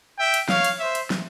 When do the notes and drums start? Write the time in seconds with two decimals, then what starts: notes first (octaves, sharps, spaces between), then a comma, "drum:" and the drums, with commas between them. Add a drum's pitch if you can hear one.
0.19 E5 G5
0.34 drum: cymbal
0.49 C#5 F5, drum: snare
0.64 drum: cymbal
0.80 C5 E5
0.95 drum: cymbal
1.10 drum: snare